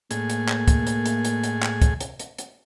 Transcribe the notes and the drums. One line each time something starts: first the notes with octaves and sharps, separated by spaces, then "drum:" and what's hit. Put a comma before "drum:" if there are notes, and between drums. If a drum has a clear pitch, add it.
A2 A#3 G#4, drum: hi-hat
drum: hi-hat
drum: clap
drum: kick, hi-hat
drum: hi-hat
drum: hi-hat
drum: hi-hat
drum: hi-hat
drum: clap
drum: kick, hi-hat
drum: hi-hat
drum: hi-hat
drum: hi-hat